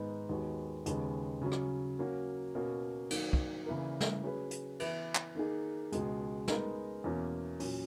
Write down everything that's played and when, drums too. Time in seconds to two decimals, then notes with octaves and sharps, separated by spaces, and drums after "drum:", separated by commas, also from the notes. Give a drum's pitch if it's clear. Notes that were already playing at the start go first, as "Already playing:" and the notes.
Already playing: G#2 D#3 G#3 B3 D#4
0.29 D#2 D#3 G#3 B3 F#4
0.86 D#2 C#3 G#3 B3, drum: hi-hat
1.41 C#3 F#3 C#4
1.52 drum: rim click
1.98 F#3 A#3 C#4 F#4
2.55 B2 A#3 C#4 F#4
3.11 D#3 F#3 A#3, drum: cymbal
3.33 drum: kick
3.66 C#3 E3 A#3 E4 A#4
4.00 drum: snare
4.23 F#3 C#4 G#4 B4
4.51 drum: hi-hat
4.80 E3 B3 E4 B4 E5, drum: cymbal
5.15 drum: clap
5.35 D#3 A#3 D#4 G#4
5.92 C#2 B2 G#3, drum: hi-hat
6.48 G#3 B3 D#4 A#4, drum: snare
7.04 E2 B2 A#3 C#4
7.60 A#2 F#3 C#4, drum: open hi-hat